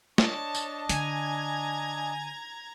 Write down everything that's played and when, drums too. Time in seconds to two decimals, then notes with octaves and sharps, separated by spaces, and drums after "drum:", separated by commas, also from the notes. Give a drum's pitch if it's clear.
0.18 D4 C#5 D#5 A5, drum: snare
0.54 drum: tambourine
0.89 D3 G#5 A#5 G#6, drum: hi-hat